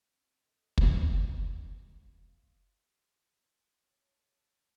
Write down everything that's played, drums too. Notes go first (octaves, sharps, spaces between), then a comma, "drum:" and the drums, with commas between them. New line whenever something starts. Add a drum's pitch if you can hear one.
C4
A4 D#5
drum: kick
A3 D4
E4 F4 G#4 C#5 E5 F5
G4
C#5 A5